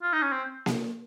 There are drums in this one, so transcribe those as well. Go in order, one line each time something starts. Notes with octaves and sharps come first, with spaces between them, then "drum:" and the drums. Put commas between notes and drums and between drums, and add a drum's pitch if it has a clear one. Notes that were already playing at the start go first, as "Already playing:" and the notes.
F4
D#4
C#4
C4
drum: snare A#3